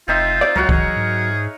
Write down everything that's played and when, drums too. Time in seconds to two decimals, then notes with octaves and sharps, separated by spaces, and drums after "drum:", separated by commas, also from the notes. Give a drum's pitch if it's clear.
0.08 F1 C4 D#4 F4 E5
0.41 C5 D5
0.56 C#2 F#3 F#4 A#4 C#5 F#5
0.69 E1 G#4, drum: kick C2
0.96 G#2